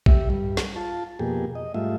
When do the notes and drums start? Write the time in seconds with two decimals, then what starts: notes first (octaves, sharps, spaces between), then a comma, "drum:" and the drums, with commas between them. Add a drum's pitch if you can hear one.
0.06 G4 E5, drum: kick
0.30 G2 G3
0.57 drum: snare
0.76 F4 A5
1.19 F2 B2 A#3 G4 G#4
1.55 D#5
1.74 G#2 G3 A3 F4 E5